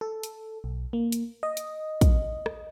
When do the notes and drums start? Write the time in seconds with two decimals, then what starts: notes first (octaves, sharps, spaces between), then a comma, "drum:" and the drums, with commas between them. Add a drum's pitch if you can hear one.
0.01 A4
0.23 drum: hi-hat
0.64 B1
0.93 A#3
1.12 drum: hi-hat
1.43 D#5
1.57 drum: hi-hat
2.01 drum: kick, hi-hat
2.46 drum: rim click